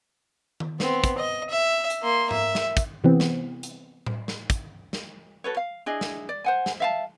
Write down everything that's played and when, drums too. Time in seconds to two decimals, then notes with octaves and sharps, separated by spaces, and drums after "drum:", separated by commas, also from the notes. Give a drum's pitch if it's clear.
0.60 drum: tom D#3
0.80 B3 C4, drum: snare
1.04 drum: kick, hi-hat
1.18 D#5
1.50 E5
1.90 drum: hi-hat
2.02 A#3 C6
2.31 E5, drum: tom G#2
2.55 drum: snare
2.77 drum: kick, hi-hat
3.04 C3 E3 B3 C4
3.20 drum: snare
3.63 drum: hi-hat
4.06 drum: tom A2
4.28 drum: snare
4.50 drum: kick, hi-hat
4.93 drum: snare
5.44 F#4 A4 B4 C#5
5.57 F5
5.86 D4 E4 G#4 D#5
6.01 drum: snare
6.29 D5
6.44 C5 F#5 G#5
6.66 drum: snare
6.80 E5 F5 A5